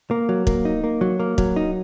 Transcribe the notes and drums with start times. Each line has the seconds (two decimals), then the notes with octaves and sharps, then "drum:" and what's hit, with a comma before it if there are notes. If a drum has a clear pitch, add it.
0.11 A#3
0.29 F#3
0.47 A#3, drum: kick
0.65 D#4
0.84 A#3
1.01 F#3
1.20 A#3
1.38 F#3, drum: kick
1.56 D#4